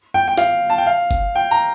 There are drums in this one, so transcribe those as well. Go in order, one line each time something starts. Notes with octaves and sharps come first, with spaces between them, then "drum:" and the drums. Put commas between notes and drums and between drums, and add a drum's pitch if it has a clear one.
G5
G5
F5, drum: snare
A5
G5
F5
drum: kick G1
G5
A#5